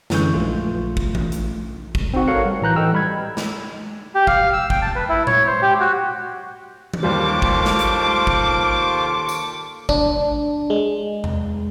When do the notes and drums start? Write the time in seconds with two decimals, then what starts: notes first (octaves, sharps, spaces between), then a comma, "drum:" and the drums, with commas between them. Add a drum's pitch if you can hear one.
0.10 F#2 D3 E3 G#3 C#6 G6, drum: snare
0.34 A#1 A3 F4
0.97 drum: kick
1.15 drum: tom E3
1.32 drum: hi-hat
1.95 drum: kick
2.14 C4 D#4 F#4 F#5
2.28 F#4 A4 A#4 C#5 F5 F#5
2.45 G3
2.61 A2 E3 A#5 F#6 G6
2.76 E3 A4 D#5 G5 E6 F6
2.93 G3 B5 G#6
3.37 drum: snare
4.15 G4
4.27 F5, drum: kick
4.53 E6
4.70 G5, drum: kick
4.82 A5
4.95 B4
5.09 E4
5.27 C#5, drum: tom A#2
5.47 C5
5.62 G4
5.80 F#4
6.94 drum: tom E3
7.03 D#2 G3 F4 A4 C5 C#6 D6
7.42 drum: kick
7.65 drum: snare
7.79 drum: hi-hat
8.27 drum: kick
9.29 drum: tambourine
9.89 D4, drum: kick
10.70 G#3
11.24 drum: tom E2